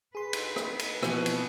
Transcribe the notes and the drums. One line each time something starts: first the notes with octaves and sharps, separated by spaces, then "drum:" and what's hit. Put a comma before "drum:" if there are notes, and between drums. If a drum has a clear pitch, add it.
G#4 B4 C6
drum: cymbal
drum: rim click
drum: cymbal
B2 E3 F3 B3 C4, drum: rim click
drum: cymbal